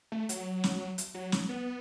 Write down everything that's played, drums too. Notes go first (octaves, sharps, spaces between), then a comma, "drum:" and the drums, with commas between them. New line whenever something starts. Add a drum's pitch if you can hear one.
A3
F#3, drum: hi-hat
drum: snare
drum: hi-hat
F#3
drum: snare
B3